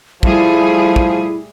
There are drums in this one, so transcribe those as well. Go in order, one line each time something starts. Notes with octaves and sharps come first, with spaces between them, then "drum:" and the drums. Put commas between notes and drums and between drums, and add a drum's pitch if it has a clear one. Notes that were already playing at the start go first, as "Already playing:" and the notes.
F3 G3 A3 E4 G#4, drum: kick
drum: kick